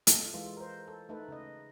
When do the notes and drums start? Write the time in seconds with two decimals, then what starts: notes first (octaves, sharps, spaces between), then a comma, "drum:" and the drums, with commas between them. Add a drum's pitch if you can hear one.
0.07 A4 E5, drum: hi-hat
0.34 E3 G#3 F4
0.57 A#4 C5
0.88 A4
1.09 A3 D#4 A4 B4
1.28 C#3 D#5